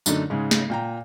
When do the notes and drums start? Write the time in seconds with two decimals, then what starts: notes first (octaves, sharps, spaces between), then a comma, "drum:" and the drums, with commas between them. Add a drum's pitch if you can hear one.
0.06 F#2 D3 A3 D4 D#4, drum: tambourine
0.30 G#2 C#3 G#3
0.51 drum: snare
0.70 A#2 G5 A#5